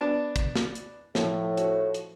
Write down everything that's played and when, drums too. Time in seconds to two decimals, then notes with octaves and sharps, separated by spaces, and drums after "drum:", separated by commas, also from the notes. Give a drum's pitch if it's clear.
0.01 B3 D4 A5
0.36 drum: kick, hi-hat
0.56 drum: snare
0.75 drum: hi-hat
1.15 A2 F3, drum: snare
1.57 F#4, drum: hi-hat
1.94 drum: hi-hat